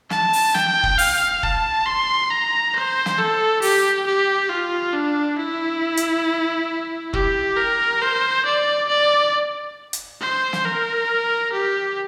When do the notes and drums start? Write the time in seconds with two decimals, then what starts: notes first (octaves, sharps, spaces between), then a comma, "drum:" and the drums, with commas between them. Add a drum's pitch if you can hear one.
0.10 A5, drum: snare
0.33 drum: open hi-hat
0.55 G5, drum: snare
0.83 drum: kick
0.98 F5, drum: open hi-hat
1.43 A5, drum: kick
1.86 C6
2.30 A#5
2.74 C5
3.06 drum: snare
3.18 A4
3.62 G4, drum: open hi-hat
4.07 G4
4.49 F4
4.93 D4
5.37 E4
5.97 drum: hi-hat
7.13 G4, drum: kick
7.57 A#4
8.02 C5
8.45 D5
8.88 D5
9.93 drum: hi-hat
10.21 C5
10.53 drum: snare
10.65 A#4
11.53 G4